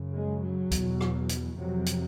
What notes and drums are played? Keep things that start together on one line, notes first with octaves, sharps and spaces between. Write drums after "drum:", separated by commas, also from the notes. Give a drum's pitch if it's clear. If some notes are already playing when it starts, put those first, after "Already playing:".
Already playing: F#2 C#3
G#3
F#3
E2 B2, drum: kick, hi-hat
drum: rim click
drum: hi-hat
F2 C3 F#3
drum: hi-hat